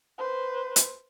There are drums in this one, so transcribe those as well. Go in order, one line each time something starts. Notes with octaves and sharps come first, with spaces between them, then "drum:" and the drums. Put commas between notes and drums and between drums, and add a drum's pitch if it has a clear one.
B4 C5
drum: hi-hat